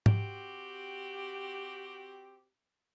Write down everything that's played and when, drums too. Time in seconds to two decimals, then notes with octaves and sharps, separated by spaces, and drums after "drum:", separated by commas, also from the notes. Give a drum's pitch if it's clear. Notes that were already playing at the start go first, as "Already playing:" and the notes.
0.06 C4 F#4 G4, drum: tom G#2